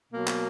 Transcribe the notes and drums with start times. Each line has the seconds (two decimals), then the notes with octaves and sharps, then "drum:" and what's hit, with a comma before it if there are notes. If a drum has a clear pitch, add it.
0.13 B2 F#3 A#3
0.27 drum: clap